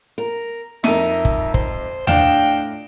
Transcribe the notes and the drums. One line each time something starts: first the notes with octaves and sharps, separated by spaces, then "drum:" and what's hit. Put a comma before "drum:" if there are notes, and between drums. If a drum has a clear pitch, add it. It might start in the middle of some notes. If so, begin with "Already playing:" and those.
A#4
F2 D#4 A#4 E5 D#7, drum: snare
drum: kick
C5, drum: kick
A2 D4 D#5 F5 G5 E7, drum: tom D#2